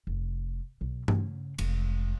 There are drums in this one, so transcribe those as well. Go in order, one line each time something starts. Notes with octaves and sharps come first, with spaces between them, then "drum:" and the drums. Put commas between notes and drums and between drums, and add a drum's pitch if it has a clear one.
F1
B1
C#3, drum: tom G2
F1 G#3, drum: cymbal